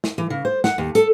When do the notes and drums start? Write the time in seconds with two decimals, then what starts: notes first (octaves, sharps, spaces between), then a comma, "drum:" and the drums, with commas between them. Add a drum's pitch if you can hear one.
0.04 drum: snare
0.18 E3
0.30 C#3
0.45 C5
0.64 F#5, drum: snare
0.78 D#2
0.95 A4, drum: hi-hat